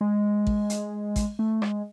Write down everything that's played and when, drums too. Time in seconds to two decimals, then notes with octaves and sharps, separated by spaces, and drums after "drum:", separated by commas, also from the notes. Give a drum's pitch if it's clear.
0.01 G#3
0.47 drum: kick A1
0.70 drum: hi-hat
1.16 drum: kick A1, hi-hat
1.39 A3
1.62 G#3, drum: rim click